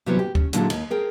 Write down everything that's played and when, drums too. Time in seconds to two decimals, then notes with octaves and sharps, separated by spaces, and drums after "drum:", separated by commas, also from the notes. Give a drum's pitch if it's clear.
0.06 C3 E3 F#3 G3 B3
0.19 G4
0.35 C#4, drum: kick
0.53 A#2 D3 F#3 G#3 E4 A4, drum: hi-hat
0.70 D#2, drum: cymbal
0.90 G#4 A#4 G5